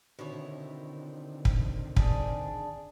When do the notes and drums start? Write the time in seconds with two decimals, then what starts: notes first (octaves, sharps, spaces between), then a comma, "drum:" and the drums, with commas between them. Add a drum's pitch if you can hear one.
0.19 B2 D3 D#3 C4 E4 C#5
1.45 drum: kick
1.96 D4 G#4, drum: kick